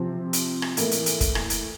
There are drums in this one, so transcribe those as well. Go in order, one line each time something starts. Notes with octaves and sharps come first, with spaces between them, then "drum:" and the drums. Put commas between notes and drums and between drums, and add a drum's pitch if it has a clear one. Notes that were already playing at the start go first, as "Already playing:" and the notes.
Already playing: C3 F3 C4
drum: hi-hat
drum: rim click
A2 E3 A#3 E4, drum: hi-hat
drum: hi-hat
drum: hi-hat
drum: kick, hi-hat
drum: rim click
drum: hi-hat